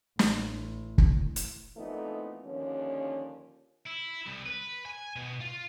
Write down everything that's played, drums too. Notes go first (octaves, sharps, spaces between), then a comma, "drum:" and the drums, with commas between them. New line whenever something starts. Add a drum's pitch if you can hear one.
A1, drum: snare
drum: kick
drum: hi-hat
F2 A#2 E3 A3 B3 D#4
D#2 D3 F3 C#4
E4
C2
B4
G#5
B2
F4